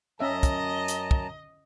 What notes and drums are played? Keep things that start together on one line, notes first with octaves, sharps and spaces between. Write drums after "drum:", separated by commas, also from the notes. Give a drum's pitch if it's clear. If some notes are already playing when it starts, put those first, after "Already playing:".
F#2 C#4 D#5 E5 A5 A#5
drum: kick, hi-hat
drum: hi-hat
drum: kick